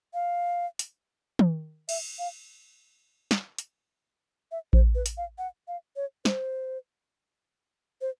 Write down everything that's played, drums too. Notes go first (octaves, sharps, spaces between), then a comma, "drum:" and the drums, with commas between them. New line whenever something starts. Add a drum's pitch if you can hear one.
F5
drum: hi-hat
drum: tom
E5, drum: cymbal
F5
drum: snare
drum: hi-hat
E5
C5, drum: kick A1
B4
drum: hi-hat
F5
F#5
F5
C#5
C5, drum: snare
C5